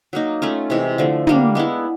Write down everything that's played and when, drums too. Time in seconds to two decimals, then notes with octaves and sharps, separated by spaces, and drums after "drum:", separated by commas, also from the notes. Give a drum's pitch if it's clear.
0.13 F#3 A#3 D#4
0.42 A3 C#4 F4
0.70 C3 E3 G#3
0.98 D3 F3 A3
1.27 D3 G3 A#3 D4, drum: tom
1.55 G#3 B3 E4